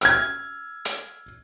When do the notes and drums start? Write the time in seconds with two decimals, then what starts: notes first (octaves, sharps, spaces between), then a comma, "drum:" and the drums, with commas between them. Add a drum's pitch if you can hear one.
0.01 E6 F6 G#6, drum: hi-hat
0.85 drum: hi-hat